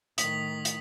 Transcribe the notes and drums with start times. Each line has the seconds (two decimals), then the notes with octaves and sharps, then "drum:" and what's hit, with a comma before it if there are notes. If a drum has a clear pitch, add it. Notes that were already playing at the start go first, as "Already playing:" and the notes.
0.18 A2 D#3 D#6 B6 F#7, drum: hi-hat
0.65 drum: hi-hat